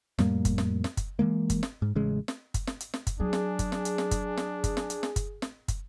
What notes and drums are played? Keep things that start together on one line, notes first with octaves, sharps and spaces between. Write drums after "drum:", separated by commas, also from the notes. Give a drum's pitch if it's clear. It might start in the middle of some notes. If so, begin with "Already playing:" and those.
F2 A2 G3 A#3, drum: snare
drum: kick, hi-hat
drum: snare
drum: snare
drum: kick, hi-hat
E3 F3 G#3 A#3
drum: kick, hi-hat
drum: snare
G#2
A1 C#3 G#3
drum: snare
drum: kick, hi-hat
drum: snare
drum: hi-hat
drum: snare
drum: kick, hi-hat
F#3 D4 G#4
drum: snare
drum: kick, hi-hat
drum: snare
drum: hi-hat
drum: snare
drum: kick, hi-hat
drum: snare
drum: kick, hi-hat
drum: snare
drum: hi-hat
drum: snare
drum: kick, hi-hat
drum: snare
drum: kick, hi-hat